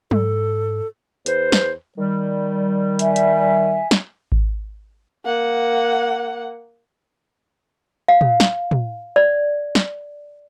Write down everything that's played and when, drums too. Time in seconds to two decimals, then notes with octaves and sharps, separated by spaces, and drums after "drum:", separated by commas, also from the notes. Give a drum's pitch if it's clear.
0.11 G#2 A4, drum: tom
1.26 E2 B4 C5, drum: hi-hat
1.52 drum: snare
1.98 D#3 G3
2.99 E5 G#5, drum: hi-hat
3.16 drum: hi-hat
3.91 drum: snare
4.32 drum: kick G#1
5.25 A#3 F#5
8.08 F5
8.21 drum: tom
8.40 drum: snare
8.71 drum: tom
9.16 D5
9.75 drum: snare